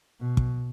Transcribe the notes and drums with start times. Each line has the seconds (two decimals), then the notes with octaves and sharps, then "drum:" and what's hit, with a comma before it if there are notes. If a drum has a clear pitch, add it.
0.21 B2
0.37 drum: kick